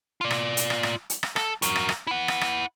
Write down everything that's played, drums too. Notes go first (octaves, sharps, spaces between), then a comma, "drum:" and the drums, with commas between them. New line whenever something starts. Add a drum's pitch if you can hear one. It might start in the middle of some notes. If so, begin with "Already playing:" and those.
F4 D5
drum: rim click
drum: hi-hat
drum: rim click
drum: rim click
drum: hi-hat
drum: rim click
A4, drum: rim click
F#4 A#4, drum: hi-hat
drum: rim click
drum: rim click
E4 F#5
drum: rim click
drum: rim click